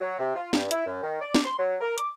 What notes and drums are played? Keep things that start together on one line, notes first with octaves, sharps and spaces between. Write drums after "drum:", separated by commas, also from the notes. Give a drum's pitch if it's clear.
F#3
C3
F4
G2, drum: snare
E4, drum: hi-hat
F#2
D#3
D5
drum: snare
C6
F#3
A#4
D6, drum: hi-hat